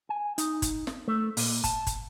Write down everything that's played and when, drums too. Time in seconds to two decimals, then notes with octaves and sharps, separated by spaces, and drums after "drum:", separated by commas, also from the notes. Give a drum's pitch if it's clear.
0.09 G#5
0.38 D#4, drum: hi-hat
0.62 drum: kick, hi-hat
0.87 drum: snare
1.08 A3
1.37 A#2, drum: open hi-hat
1.64 A5, drum: kick, hi-hat
1.87 drum: kick, hi-hat